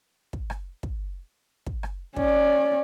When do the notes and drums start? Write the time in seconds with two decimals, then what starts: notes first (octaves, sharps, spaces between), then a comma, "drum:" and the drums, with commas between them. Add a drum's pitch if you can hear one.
0.33 drum: kick
0.50 drum: rim click
0.83 drum: kick
1.66 drum: kick
1.83 drum: rim click
2.16 C#4 D5, drum: kick